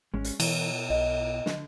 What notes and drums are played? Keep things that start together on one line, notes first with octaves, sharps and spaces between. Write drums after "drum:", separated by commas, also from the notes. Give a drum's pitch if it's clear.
G#1 G#3 C#4
drum: hi-hat
B2 E3 C#5, drum: cymbal
B1 D#5
D3, drum: snare